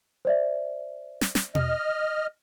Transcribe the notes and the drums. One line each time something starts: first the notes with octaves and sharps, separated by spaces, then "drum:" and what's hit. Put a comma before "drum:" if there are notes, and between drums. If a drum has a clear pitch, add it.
C5 D5 E5
drum: snare
drum: snare
D#5 F6, drum: tom B2